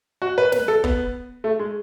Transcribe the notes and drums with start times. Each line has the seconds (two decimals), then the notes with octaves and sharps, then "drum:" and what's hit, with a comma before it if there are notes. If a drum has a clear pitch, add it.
0.22 F#4
0.38 B4
0.52 B4, drum: snare
0.68 A4
0.84 B3, drum: kick
1.44 A3
1.59 G#3